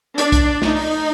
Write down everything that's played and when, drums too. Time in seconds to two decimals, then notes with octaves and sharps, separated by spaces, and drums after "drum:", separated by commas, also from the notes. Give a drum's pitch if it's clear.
0.18 D4, drum: hi-hat
0.32 drum: kick, hi-hat
0.62 D#4, drum: snare
0.76 drum: open hi-hat